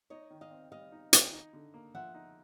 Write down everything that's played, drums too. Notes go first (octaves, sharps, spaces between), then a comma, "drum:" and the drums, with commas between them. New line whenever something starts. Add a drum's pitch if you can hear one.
D#4 C#5 D#5
D#3
D#5 F5
C4
G3 D#5 F5
D#4
D#3, drum: hi-hat
D#4
D3
A#3
F3 E5 F#5
D#4